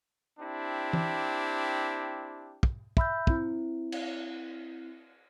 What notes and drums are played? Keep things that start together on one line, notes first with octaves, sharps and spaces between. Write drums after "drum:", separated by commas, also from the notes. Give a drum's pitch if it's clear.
C4 D4 E4 G4
drum: tom E3
drum: kick
E5 B5 E6 G6, drum: kick
C4 E4, drum: kick
drum: cymbal